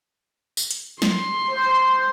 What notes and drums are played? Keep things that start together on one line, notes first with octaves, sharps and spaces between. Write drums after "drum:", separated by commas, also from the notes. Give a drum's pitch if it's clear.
drum: tambourine
drum: hi-hat
C6, drum: snare
C5